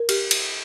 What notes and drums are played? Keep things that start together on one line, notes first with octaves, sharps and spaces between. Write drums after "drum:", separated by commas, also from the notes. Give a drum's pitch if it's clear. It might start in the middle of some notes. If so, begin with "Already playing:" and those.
Already playing: A#4
G4, drum: cymbal
drum: cymbal